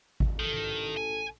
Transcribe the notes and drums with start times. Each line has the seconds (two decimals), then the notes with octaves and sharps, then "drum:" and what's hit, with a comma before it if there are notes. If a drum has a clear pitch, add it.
0.20 drum: kick G#1
0.40 A1 D#3 A4
0.97 G#5